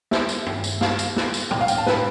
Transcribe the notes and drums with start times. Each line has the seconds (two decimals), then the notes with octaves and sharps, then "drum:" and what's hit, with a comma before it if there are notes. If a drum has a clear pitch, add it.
0.11 E5, drum: snare
0.29 drum: tambourine
0.46 drum: tom
0.64 drum: tambourine
0.81 F5, drum: snare
0.99 drum: tambourine
1.16 drum: snare
1.34 drum: tambourine
1.51 G5, drum: tom A2
1.61 F5
1.68 G5, drum: tambourine
1.78 A5
1.86 B4, drum: snare